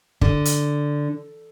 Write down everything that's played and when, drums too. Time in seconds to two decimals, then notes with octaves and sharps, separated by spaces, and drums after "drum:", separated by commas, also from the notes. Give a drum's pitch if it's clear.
0.21 D3, drum: kick
0.45 drum: hi-hat